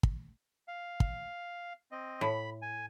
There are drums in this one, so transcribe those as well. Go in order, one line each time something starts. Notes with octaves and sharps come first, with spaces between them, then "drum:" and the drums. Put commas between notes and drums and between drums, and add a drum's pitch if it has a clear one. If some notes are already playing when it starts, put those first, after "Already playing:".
drum: kick
F5
drum: kick
C4 D#5
A2 B5
G#5